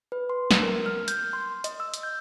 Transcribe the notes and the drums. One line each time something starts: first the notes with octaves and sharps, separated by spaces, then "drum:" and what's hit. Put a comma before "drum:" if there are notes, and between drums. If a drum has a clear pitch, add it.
B4
C6
drum: snare
A#4
F6
G6, drum: hi-hat
C6
D#5, drum: hi-hat
E6
drum: hi-hat
G6